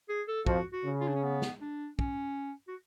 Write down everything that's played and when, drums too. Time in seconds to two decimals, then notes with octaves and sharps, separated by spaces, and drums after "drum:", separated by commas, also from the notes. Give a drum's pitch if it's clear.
0.09 G#4
0.28 A4
0.47 F2 F3 F#4, drum: kick
0.73 F#4
0.84 C#3
1.01 F4
1.08 D4
1.15 C#4
1.23 B3
1.42 drum: snare
1.61 D4
1.99 C#4, drum: kick
2.68 F#4